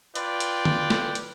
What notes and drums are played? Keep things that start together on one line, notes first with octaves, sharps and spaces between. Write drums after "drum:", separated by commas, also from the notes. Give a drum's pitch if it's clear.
F4 B4 D5 G5, drum: hi-hat
drum: hi-hat
drum: tom
drum: snare
drum: hi-hat